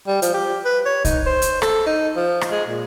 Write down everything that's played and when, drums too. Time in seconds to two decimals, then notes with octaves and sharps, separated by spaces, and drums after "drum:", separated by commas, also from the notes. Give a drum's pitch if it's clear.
0.08 G3
0.22 F3, drum: hi-hat
0.34 G4
0.65 B4
0.86 C#5
1.05 D#4, drum: kick, hi-hat
1.27 C5
1.42 drum: hi-hat
1.62 A4, drum: rim click
1.86 D#4
2.16 F3
2.41 drum: rim click
2.51 G#3
2.68 A#2